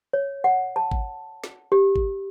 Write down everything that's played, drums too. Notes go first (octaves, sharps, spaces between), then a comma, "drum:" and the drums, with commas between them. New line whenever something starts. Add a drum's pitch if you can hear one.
C#5
F#5
A5
drum: kick G#1
drum: snare
G4
drum: kick G#1